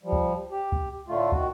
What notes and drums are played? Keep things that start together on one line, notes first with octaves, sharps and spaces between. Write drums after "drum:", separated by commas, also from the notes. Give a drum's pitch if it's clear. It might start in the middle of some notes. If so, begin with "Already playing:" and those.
F3 G3
drum: kick
G4
drum: kick
A2 D3 A3 F4
D#3 F#4, drum: kick